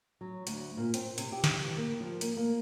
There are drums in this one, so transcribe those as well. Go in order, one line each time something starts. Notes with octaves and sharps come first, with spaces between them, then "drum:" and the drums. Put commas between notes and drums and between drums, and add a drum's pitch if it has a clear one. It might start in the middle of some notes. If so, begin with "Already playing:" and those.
F#3
D2, drum: hi-hat
A#2
C4, drum: hi-hat
C3, drum: hi-hat
G4
drum: snare
E3
A#3
F3
A#3, drum: hi-hat
A#3